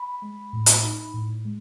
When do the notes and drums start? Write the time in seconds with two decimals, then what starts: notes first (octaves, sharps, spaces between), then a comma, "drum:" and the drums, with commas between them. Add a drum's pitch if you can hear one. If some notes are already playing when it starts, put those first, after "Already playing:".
Already playing: B5
0.22 G#3
0.53 A2
0.66 drum: hi-hat
0.83 D#4
1.14 A2
1.45 G#3